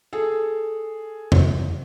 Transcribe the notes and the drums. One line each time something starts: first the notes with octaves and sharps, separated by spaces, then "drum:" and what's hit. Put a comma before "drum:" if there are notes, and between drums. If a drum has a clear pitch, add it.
G#4 A4
drum: tom F2